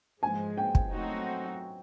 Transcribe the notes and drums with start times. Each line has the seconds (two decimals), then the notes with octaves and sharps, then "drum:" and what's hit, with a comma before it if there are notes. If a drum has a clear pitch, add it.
0.22 G#2 F3 G#3 G#5
0.57 G5
0.75 drum: kick
0.92 F#3 A3 C4 D#4 F#4